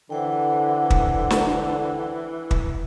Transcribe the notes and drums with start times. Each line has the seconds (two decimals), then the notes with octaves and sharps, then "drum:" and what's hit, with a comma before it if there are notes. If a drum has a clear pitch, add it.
0.10 D3 E3 C5 F#5 G5
0.90 drum: kick
1.30 drum: snare
2.51 drum: kick